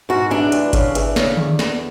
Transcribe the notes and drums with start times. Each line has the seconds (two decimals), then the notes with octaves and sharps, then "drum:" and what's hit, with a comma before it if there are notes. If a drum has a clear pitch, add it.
0.09 G#2 F#4
0.31 E3 D4
0.52 D2, drum: hi-hat
0.73 C#3, drum: kick G#1, hi-hat
0.95 E3, drum: hi-hat
1.16 C#3, drum: snare
1.37 E2, drum: tom D3
1.59 E2, drum: snare